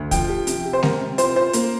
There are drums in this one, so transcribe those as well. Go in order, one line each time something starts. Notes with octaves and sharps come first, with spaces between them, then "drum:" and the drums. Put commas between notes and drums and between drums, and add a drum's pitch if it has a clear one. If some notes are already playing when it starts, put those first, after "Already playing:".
Already playing: D2
F3 G5, drum: kick, hi-hat
G4
C3, drum: hi-hat
G4
C5
C3 A#4, drum: snare G#3
C3
F4 C5, drum: hi-hat
F4 C5
A#3, drum: hi-hat